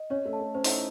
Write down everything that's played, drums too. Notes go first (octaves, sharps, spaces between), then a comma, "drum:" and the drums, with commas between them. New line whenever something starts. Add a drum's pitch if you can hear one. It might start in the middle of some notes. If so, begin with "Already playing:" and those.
Already playing: D#5
C#4 C#5
A3
A5
A3
C#4 C5
D#4, drum: open hi-hat
E4